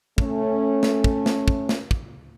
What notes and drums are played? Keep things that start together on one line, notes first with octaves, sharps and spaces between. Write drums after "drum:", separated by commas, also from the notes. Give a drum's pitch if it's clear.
A3 C#4, drum: kick
drum: snare
drum: kick
drum: snare
drum: kick
drum: snare
drum: kick